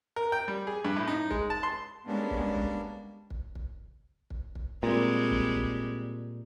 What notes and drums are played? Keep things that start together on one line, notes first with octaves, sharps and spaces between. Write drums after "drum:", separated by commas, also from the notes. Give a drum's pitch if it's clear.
A#4
G5
G3
G#4
G2
A2
D#4
G#3, drum: kick
A5
C6
G3 G#3 A#3 B3 C#4 D4
drum: kick
drum: kick
drum: kick
drum: kick
drum: kick
drum: kick
A#2 G3 G#3 C4
drum: kick
drum: kick